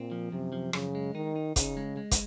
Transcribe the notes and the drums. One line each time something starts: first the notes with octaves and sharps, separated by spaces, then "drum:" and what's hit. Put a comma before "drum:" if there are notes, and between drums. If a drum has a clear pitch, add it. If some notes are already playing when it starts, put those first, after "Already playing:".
Already playing: A#2 C4
F3
F#2 C3
F3
F#2 C#3, drum: rim click
G#3
D#3 D#4
D#4
C#3 D#4, drum: kick, hi-hat
G#3
G#3
drum: kick, hi-hat